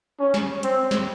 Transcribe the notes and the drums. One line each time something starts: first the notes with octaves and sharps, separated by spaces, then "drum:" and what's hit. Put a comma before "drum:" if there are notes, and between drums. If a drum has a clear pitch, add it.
C#4
drum: snare
C4, drum: hi-hat
drum: snare